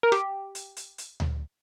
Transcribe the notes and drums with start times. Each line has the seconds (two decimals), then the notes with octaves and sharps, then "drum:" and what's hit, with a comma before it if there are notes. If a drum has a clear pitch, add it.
0.03 A#4
0.12 G4, drum: rim click
0.55 drum: hi-hat
0.77 drum: hi-hat
0.98 drum: hi-hat
1.20 drum: tom D2